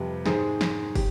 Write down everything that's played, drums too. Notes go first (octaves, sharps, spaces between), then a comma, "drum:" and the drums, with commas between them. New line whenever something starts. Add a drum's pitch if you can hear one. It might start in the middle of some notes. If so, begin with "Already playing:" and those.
Already playing: F2 C3 G3 B4
G#2 D#3 G#3 G#4 C5, drum: snare
drum: snare
G4, drum: kick, open hi-hat